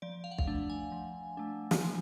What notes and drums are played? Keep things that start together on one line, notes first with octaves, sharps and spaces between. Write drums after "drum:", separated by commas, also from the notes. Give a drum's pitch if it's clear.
F3 D5
F5
F#5
F5, drum: kick
A3 D4
G#5
F3
A3 D4
drum: snare
F3